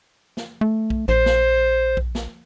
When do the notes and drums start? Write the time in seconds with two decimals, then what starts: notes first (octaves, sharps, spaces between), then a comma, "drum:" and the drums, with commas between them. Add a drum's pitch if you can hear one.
0.37 drum: snare
0.61 A3
0.90 drum: kick B1
1.08 A#1 C5
1.26 drum: snare
1.97 drum: kick B1
2.15 drum: snare